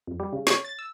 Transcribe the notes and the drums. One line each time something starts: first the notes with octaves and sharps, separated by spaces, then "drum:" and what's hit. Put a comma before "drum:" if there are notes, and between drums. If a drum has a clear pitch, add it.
F2
G3
C#3
C#5, drum: snare
A6
E6